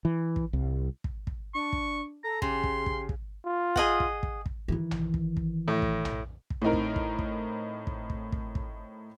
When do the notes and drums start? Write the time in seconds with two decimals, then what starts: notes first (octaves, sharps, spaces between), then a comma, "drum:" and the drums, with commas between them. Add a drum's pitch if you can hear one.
0.05 E3
0.36 drum: kick
0.53 C2
1.04 drum: kick
1.27 drum: kick
1.54 D4 C#6
1.73 drum: kick
2.24 A4 A#5
2.42 C#3 G4 C6, drum: kick
2.64 drum: kick
2.86 drum: kick
3.09 drum: kick
3.45 F4
3.76 G#4 D#5 F#5, drum: kick
4.00 drum: kick
4.23 drum: kick
4.46 drum: kick
4.68 D#3 E3
4.91 drum: tom A#1
5.14 drum: kick
5.37 drum: kick
5.68 A2
5.82 drum: kick
6.05 drum: tom A#1
6.50 drum: kick
6.62 A2 C4 D#4 A#4
6.73 drum: kick
6.96 drum: kick
7.19 drum: kick
7.87 drum: kick
8.10 drum: kick
8.32 drum: kick
8.55 drum: kick